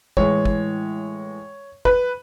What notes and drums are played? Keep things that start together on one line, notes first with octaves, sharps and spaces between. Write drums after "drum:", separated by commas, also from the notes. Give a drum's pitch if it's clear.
A2 E3 G#3 C#5, drum: kick
drum: kick
B4, drum: kick